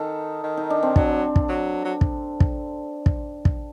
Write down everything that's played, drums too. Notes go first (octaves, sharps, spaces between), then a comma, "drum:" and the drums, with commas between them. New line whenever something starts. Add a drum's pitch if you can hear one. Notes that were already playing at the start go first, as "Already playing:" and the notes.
Already playing: D#3 D#4 A4
D#3
D#4
D4
C4
F#3 D4, drum: kick
drum: kick
F#3
F#3
drum: kick
drum: kick
drum: kick
drum: kick